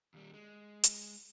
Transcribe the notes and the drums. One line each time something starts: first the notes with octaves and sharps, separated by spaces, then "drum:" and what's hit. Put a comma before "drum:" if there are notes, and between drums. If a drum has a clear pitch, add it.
D#2 G3
G#3
drum: hi-hat